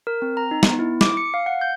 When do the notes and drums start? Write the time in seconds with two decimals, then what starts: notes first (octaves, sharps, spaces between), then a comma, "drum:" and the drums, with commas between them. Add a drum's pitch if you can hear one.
0.07 A#4
0.22 C4
0.37 A#5
0.51 D#4
0.63 B3, drum: snare
0.79 E4
1.01 D6, drum: snare
1.17 C#7
1.34 F5
1.46 F#5
1.61 G6